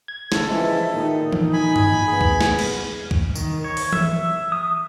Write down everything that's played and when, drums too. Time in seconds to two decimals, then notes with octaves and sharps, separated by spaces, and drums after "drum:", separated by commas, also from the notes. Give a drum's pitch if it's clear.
0.08 G#6
0.32 C#3 A4, drum: snare
0.49 E3 F3 G#3 E5
0.94 A#2 D#3 D#4
1.33 drum: tom E3
1.53 G#5 B5
1.76 drum: tom G2
2.08 B3 G#4
2.21 drum: kick
2.41 drum: snare
2.59 drum: cymbal
3.11 drum: kick
3.35 D#3, drum: tambourine
3.64 C#5
3.77 drum: open hi-hat
3.93 E5, drum: tom E3
4.52 D#6